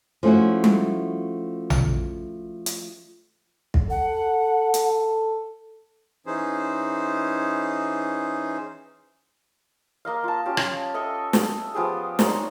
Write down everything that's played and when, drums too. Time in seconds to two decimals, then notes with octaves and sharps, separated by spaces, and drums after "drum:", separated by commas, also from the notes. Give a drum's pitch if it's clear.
0.23 F3 A3 C#4 E4 F#4
0.64 drum: tom G3
1.70 drum: tom A#1
2.66 drum: hi-hat
3.74 drum: kick
3.90 A4 F#5
4.74 drum: hi-hat
6.26 E3 C#4 D#4 G#4 C5
10.05 A#3 D#5 F5
10.24 F4 A5
10.46 C#4 F4 G4
10.57 drum: rim click
10.94 A4 D#5 E5
11.33 drum: snare
11.75 F3 B3 G4 G#4
12.19 D4 D#4 C5 C#5, drum: snare